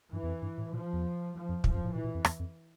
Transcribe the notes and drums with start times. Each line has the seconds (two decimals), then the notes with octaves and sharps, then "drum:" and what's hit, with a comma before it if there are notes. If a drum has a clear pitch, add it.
0.12 G2 E3
0.23 E2
0.28 F2
0.42 G2
0.58 A2
0.73 A#2 F3
0.93 E2
1.33 F3
1.49 F2
1.64 A2 F3, drum: kick
1.74 F2
1.84 A2
1.94 A#2 E3
2.04 A#2
2.15 F2
2.25 E2, drum: rim click
2.39 F2